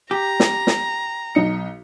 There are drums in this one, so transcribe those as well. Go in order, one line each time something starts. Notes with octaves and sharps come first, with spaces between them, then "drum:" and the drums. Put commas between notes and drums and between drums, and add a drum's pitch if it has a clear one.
G4 A#5
drum: snare
drum: snare
B1 D#4 C#7